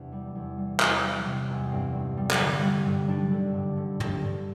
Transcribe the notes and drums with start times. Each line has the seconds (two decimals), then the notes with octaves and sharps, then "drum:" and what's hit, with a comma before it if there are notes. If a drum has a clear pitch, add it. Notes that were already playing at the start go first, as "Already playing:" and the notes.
Already playing: E2 C3 D4
0.12 G3
0.35 E2
0.58 G3
0.80 E2, drum: clap
1.03 G3
1.26 C3
1.49 E2
1.72 G2 C4
1.95 G2
2.17 G3
2.31 drum: clap
2.41 D3
2.62 G3
2.86 G2
3.08 G3 D4
3.31 D3
3.54 G2
3.77 D3
4.00 G2, drum: tom
4.23 D3